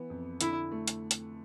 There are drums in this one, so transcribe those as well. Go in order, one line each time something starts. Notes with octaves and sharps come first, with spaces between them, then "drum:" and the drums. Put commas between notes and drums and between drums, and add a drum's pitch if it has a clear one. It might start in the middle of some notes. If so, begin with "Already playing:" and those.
Already playing: E3 B3
F2
D3 E4, drum: hi-hat
A3
drum: hi-hat
drum: hi-hat